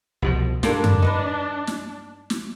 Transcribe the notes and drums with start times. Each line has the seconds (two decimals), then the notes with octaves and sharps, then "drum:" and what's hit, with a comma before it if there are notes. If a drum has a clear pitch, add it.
0.22 C2 B2 F3
0.63 G2 D4 F4 A4 A#4, drum: snare
0.84 drum: tom F#2
1.02 D#4 B4 D#5
1.67 drum: snare
2.30 drum: snare